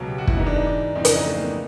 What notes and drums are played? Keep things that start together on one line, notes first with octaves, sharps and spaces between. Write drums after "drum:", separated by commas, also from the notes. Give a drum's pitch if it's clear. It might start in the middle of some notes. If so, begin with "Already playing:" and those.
Already playing: C#2 B2 F#3
G4
F#4
E4, drum: kick
G#2 E3 D#4
D4
D#4
D4
F2 C#3 E3 D#4
D4, drum: hi-hat
D#4
A3
A#3
B3